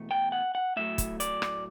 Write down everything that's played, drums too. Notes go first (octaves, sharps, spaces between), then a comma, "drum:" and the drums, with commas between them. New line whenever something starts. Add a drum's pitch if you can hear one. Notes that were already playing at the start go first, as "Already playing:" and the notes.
Already playing: E2 B2 A3
G5
F#5
F#5
A2 F#3 A3 E5
drum: kick, hi-hat
D5, drum: hi-hat
drum: rim click